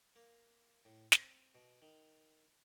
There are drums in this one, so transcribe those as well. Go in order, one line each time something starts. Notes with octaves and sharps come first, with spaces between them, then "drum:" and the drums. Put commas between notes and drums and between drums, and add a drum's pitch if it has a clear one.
A#3
A2
C4, drum: snare
B2
D#3